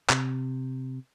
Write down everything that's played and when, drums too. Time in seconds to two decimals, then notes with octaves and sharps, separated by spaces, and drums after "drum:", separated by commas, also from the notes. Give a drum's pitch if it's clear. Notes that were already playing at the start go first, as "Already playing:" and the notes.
0.10 C3, drum: clap